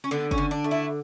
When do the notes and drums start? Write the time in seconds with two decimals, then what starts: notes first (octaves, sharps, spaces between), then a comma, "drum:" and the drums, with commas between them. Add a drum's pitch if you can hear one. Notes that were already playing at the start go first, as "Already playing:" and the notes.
0.04 C#4
0.11 D3 B3
0.31 C#4, drum: kick F#1
0.38 D3
0.51 D4
0.64 A3
0.71 E4